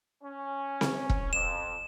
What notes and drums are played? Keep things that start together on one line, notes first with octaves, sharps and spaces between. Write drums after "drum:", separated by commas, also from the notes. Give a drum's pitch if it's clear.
C#4
drum: snare C4
drum: kick E1
F2 E7